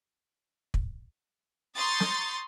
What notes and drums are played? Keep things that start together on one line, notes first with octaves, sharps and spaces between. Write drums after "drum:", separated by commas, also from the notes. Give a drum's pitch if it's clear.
drum: kick
A#5 C6 C#6 D#6 G6 A6
drum: snare